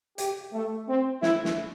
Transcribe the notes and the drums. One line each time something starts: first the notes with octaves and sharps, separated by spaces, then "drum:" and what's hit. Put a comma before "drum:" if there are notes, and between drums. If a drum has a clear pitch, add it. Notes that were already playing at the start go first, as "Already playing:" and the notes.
G4, drum: hi-hat
A3
C4
E4, drum: snare
drum: snare